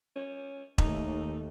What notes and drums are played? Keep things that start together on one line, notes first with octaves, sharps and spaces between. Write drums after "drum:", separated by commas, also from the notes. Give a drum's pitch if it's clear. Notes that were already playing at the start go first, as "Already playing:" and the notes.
C#4
D#2 A3 D#4, drum: kick E1